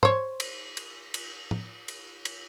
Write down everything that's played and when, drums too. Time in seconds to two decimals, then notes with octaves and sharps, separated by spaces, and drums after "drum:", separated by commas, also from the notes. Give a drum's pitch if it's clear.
0.03 C5 C#5, drum: tom
0.40 drum: cymbal
0.77 drum: cymbal
1.14 drum: cymbal
1.51 drum: tom
1.88 drum: cymbal
2.25 drum: cymbal